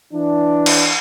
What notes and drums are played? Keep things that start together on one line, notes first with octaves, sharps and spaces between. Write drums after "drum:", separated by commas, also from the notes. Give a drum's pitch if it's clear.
E3 D4
drum: cymbal